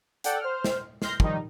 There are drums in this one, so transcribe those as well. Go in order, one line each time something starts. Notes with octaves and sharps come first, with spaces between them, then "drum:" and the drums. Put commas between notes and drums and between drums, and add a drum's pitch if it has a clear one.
A4 D5 F#5 G5, drum: hi-hat
C5 F6
drum: snare
C6 F6 G6 A#6 C7, drum: snare
D#3 F3 G3 D#4, drum: kick